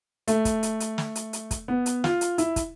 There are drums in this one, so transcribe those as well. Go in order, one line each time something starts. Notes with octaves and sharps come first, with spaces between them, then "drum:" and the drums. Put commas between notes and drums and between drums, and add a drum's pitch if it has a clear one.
A3, drum: hi-hat
drum: kick, hi-hat
drum: hi-hat
drum: hi-hat
drum: snare
drum: hi-hat
drum: hi-hat
drum: kick, hi-hat
B3
drum: hi-hat
F4, drum: snare
drum: hi-hat
E4, drum: hi-hat
drum: kick, hi-hat